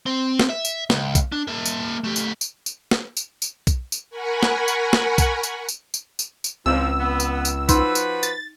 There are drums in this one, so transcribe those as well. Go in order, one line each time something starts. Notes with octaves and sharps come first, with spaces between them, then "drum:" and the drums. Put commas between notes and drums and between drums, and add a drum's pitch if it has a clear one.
C4
drum: snare
E5
drum: tambourine
C#2, drum: snare
drum: kick B1, tambourine
D4
A#3 E5
drum: tambourine
A3 G4
drum: tambourine
drum: tambourine
drum: tambourine
drum: snare
drum: tambourine
drum: tambourine
drum: kick B1, tambourine
drum: tambourine
A#4 F#5 G#5 B5 C#6
drum: snare
drum: tambourine
drum: snare
drum: kick B1, tambourine
drum: tambourine
drum: tambourine
drum: tambourine
drum: tambourine
drum: tambourine
C#2 G#2 E3 F3 C4 E6
B3
drum: tambourine
drum: tambourine
F3 D#4 F#4 B4 C6, drum: kick B1, tambourine
drum: tambourine
A6, drum: tambourine